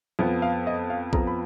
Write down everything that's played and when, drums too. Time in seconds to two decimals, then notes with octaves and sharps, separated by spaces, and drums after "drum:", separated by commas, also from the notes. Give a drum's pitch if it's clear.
0.19 F2 F3 B3
0.42 F5
0.67 D#5
0.90 F5
1.13 F2 F3 B3 A#5, drum: kick B1
1.27 B5